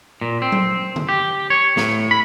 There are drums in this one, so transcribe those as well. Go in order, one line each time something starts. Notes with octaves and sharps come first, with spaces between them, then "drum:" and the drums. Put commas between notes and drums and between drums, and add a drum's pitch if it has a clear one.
A#2
C4
drum: tom F#3
drum: tom D3
G4
C#5
A2, drum: snare
B5